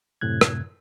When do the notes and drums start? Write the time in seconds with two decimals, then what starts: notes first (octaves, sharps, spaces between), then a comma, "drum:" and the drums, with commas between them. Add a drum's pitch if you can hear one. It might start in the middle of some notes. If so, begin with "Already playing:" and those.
0.21 F#2 A2 C3 F#6 G#6
0.41 drum: rim click